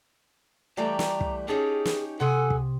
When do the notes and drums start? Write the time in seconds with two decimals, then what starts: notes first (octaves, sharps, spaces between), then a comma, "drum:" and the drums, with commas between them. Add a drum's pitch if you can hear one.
0.77 E3 G3 A3 D5 G5 A#5
0.99 drum: snare
1.21 drum: kick
1.48 C#4 D#4 G4 G#4 A5
1.85 drum: snare
2.20 C3 A4 F#5 G#5 C6 D#6
2.50 drum: kick